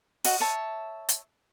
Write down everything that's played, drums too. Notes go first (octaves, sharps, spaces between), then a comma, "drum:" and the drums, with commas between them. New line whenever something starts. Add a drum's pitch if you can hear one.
F#4 C#5 D#5, drum: open hi-hat
C#5 E5 A5
drum: hi-hat